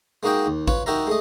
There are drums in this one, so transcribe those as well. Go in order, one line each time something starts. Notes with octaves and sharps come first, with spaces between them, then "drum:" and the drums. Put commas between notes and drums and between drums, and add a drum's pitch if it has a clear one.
G#3 A#3 D#4 F#4 D#5 G5
D#2
F4 B4 C#5, drum: kick A1
D#4 F#4 G4 A#4 E5 A#5
G#3 A3 D#5